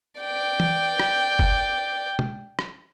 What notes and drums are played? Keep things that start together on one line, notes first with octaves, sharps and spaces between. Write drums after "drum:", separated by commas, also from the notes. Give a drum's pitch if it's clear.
D5 G5
drum: tom
drum: rim click
drum: kick F#1
drum: tom
drum: rim click